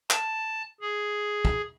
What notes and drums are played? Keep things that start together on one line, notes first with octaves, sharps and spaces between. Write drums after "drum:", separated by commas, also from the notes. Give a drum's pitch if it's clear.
A5, drum: clap
G#4
drum: kick